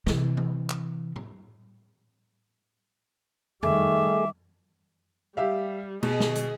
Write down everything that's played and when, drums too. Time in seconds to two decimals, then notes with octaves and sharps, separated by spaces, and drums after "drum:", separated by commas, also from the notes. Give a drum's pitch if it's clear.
0.07 C3 E3, drum: snare
0.37 drum: tom E3
0.70 drum: clap
1.16 drum: tom A2
3.63 D#3 G3 A3 G#4 E5 D6, drum: tom F2
5.37 G3 G4 E5 F5
6.03 B2 G#4 D#5, drum: cymbal
6.20 drum: snare
6.35 drum: hi-hat